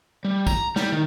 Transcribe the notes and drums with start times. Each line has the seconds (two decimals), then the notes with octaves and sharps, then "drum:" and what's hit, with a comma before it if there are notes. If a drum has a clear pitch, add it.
0.25 G3
0.47 A#5, drum: kick, tambourine
0.76 G3, drum: snare
0.92 D#3